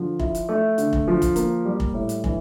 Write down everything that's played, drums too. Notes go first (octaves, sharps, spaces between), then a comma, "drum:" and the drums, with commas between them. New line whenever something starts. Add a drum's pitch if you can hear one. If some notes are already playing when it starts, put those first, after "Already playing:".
Already playing: D3 F3
E4, drum: kick
drum: hi-hat
A3
D3, drum: hi-hat
drum: kick
F3
drum: kick, hi-hat
A#3, drum: hi-hat
G3
drum: kick
A2
drum: hi-hat
E3, drum: kick